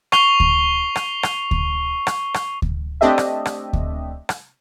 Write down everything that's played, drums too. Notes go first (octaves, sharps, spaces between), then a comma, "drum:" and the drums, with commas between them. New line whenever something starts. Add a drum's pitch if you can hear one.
C#6 C7 F7 G7, drum: rim click
drum: kick D2
drum: rim click
drum: rim click
drum: kick D2
drum: rim click
drum: rim click
drum: kick D2
A3 C4 D4 G4 D#5 E5
drum: rim click
drum: rim click
drum: kick D2
drum: rim click